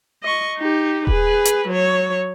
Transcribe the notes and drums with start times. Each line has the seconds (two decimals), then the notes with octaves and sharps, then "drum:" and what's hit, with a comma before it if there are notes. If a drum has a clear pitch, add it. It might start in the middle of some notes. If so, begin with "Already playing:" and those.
0.23 D#5 C#6
0.57 D#4 G4
1.07 G#4 B4, drum: kick D#1
1.45 drum: hi-hat
1.68 F#3 C#5